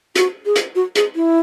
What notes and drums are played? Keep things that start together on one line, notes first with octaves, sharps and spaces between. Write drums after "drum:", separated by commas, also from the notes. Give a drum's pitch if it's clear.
F#4, drum: hi-hat
G#4
drum: hi-hat
F#4
G#4, drum: hi-hat
E4